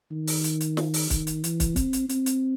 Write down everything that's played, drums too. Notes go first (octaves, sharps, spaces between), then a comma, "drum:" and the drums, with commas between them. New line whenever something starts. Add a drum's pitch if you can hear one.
D#3
drum: open hi-hat
drum: hi-hat
drum: hi-hat
drum: snare
drum: open hi-hat
D#3, drum: kick, hi-hat
drum: hi-hat
E3, drum: hi-hat
drum: kick, hi-hat
C4, drum: kick, hi-hat
drum: hi-hat
C4, drum: hi-hat
drum: hi-hat